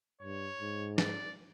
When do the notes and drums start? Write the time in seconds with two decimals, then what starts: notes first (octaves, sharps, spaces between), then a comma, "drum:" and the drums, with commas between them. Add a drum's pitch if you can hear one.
0.21 G2 C#5
0.60 G#2
0.98 D5, drum: snare